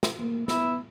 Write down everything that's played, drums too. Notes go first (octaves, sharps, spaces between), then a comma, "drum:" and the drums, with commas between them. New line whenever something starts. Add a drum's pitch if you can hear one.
drum: snare
A#3
B3 E4, drum: snare